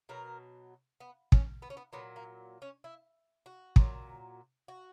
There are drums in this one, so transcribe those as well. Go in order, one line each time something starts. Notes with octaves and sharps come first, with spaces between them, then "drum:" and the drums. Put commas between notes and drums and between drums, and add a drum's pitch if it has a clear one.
B2 F#3 A#4
B3
C#4, drum: kick
B3
C#4
B3
A#2 F#3 B3
A#3
C#4
E4
F#4
A#2 F#3, drum: kick
F#4